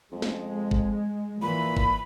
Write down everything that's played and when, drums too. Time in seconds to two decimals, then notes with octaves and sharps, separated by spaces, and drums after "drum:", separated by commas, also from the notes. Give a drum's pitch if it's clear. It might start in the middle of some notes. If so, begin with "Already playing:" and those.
0.12 F2 G#3
0.22 drum: snare
0.71 drum: kick G1
1.42 A#2 E3 B5
1.77 drum: kick G1